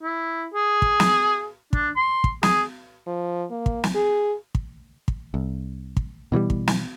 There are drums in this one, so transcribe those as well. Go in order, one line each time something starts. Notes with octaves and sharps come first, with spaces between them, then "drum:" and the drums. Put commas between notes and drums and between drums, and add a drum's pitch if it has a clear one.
E4
G#4
drum: kick
drum: snare
D4, drum: kick
C6
drum: kick
G#4, drum: snare
F3
A#3
drum: kick
drum: snare
G#4
drum: kick
drum: kick
C2
drum: kick
B2 E3 F#3 G3
drum: kick
drum: snare